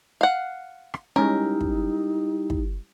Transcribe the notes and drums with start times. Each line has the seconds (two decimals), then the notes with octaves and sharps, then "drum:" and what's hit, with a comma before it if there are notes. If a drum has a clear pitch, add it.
0.21 F5 F#5
0.94 drum: rim click
1.16 G3 G#3 C#4 D#4 E4 G4 A#4
1.61 drum: kick
2.50 drum: kick